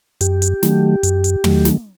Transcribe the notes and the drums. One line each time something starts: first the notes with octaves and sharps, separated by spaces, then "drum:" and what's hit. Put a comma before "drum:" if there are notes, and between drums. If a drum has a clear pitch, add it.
F#2 G4, drum: hi-hat
drum: hi-hat
D#3 F#3 A3, drum: snare
F#2, drum: hi-hat
drum: hi-hat
D#3 F#3 A3, drum: tom
drum: snare